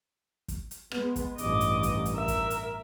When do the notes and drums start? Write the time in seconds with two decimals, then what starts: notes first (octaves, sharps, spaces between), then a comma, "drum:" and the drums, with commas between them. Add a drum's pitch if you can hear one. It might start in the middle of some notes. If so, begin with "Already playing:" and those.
0.48 drum: kick, hi-hat
0.71 drum: hi-hat
0.91 G#3 B3, drum: rim click
1.16 drum: kick, hi-hat
1.38 A1 G2 D#5 D6, drum: hi-hat
1.61 drum: hi-hat
1.83 drum: kick, hi-hat
2.05 drum: hi-hat
2.15 A#4 E5
2.28 drum: kick, hi-hat
2.50 drum: hi-hat